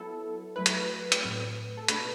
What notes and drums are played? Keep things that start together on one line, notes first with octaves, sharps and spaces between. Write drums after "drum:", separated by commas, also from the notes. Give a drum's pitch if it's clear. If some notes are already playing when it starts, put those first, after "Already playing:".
Already playing: F#3 B3 E4 A4
F#3 A3 E4 B4
drum: hi-hat
drum: hi-hat
A2 F#3 C4
A4
B2 A3 D4 B4, drum: hi-hat